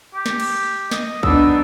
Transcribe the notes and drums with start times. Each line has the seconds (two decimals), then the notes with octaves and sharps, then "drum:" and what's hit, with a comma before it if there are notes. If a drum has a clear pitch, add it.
0.14 G4
0.26 drum: snare
0.40 drum: cymbal
0.91 D#5, drum: snare
1.23 B3 D4 D#4 E6, drum: kick A#1